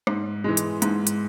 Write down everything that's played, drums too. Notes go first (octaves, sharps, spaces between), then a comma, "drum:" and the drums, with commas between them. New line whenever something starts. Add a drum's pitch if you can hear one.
G#2, drum: rim click
E3 G#3
drum: hi-hat
G#2, drum: hi-hat
drum: hi-hat